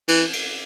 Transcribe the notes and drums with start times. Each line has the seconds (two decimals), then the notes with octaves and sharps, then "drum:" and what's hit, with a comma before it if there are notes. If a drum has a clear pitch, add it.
0.08 E3, drum: cymbal
0.33 drum: cymbal